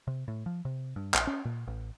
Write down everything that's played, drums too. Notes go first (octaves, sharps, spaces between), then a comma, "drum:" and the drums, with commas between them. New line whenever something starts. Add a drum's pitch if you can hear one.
C3
A2
F3
C3
G2
A#1, drum: clap
C#4
A#2
A1